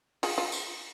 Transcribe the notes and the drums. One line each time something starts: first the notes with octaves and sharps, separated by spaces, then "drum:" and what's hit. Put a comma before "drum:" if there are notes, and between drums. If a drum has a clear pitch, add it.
F4 G#4, drum: open hi-hat
F4
drum: tambourine